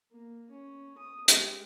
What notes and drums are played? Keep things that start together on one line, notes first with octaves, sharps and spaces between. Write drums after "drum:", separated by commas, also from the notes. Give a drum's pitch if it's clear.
A#3
C#4
D#6
G#3 G4, drum: hi-hat